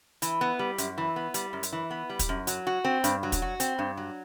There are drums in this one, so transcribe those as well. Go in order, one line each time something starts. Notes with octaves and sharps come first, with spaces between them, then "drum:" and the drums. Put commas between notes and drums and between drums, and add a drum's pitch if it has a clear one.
E3, drum: hi-hat
B3
G3
F#2, drum: hi-hat
E3
B3
G3, drum: hi-hat
F#2
drum: hi-hat
E3
B3
G3
drum: kick, hi-hat
F#2
F#3, drum: hi-hat
F#4
C4
G2, drum: hi-hat
F#3
drum: kick, hi-hat
F#4
C4, drum: hi-hat
G2
F#3